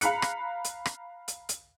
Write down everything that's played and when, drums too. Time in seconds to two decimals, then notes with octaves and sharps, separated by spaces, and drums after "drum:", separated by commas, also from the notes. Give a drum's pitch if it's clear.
0.01 F5 A#5 B5 F#6 C#7, drum: hi-hat
0.22 drum: rim click
0.64 drum: hi-hat
0.86 drum: rim click
1.28 drum: hi-hat
1.49 drum: hi-hat